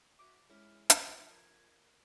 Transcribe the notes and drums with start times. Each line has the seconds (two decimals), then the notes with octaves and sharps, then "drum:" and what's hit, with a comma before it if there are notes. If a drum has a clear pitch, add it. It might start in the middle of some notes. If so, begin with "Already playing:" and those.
0.19 F#4 E5 D6
0.50 G#3 C#4 E4 F6
0.90 F3, drum: hi-hat
1.30 A#4 G#6